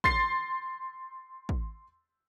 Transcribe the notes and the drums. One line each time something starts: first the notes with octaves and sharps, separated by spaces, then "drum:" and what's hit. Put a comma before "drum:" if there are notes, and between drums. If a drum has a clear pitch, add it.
C6 A6 C7, drum: kick
drum: kick